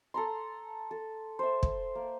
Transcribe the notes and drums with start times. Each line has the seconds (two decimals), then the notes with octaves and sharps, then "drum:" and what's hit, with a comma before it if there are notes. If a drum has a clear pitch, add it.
0.14 A4 A#5 C6
0.91 A4
1.39 C5 E5
1.63 drum: kick
1.95 A#3